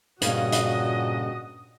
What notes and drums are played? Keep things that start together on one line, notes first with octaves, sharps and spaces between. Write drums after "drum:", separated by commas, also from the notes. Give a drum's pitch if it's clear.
G2 A#2 C#3 A#3 F#4 D#5, drum: hi-hat
drum: hi-hat